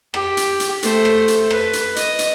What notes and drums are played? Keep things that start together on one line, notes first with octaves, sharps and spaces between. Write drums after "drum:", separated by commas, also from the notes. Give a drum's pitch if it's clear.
G4, drum: rim click
drum: hi-hat
drum: hi-hat
A3 C5, drum: hi-hat
drum: rim click
drum: hi-hat
B4, drum: rim click
drum: hi-hat
D#5, drum: hi-hat
drum: hi-hat